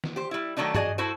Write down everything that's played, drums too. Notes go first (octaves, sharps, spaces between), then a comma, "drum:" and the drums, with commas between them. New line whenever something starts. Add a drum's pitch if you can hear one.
drum: snare
G4 C5
G3 E4
D#3 F#3 A3 D4 D#4
F#4 G#4 D5 D#5, drum: tom G2
E4 F#4 A4 C5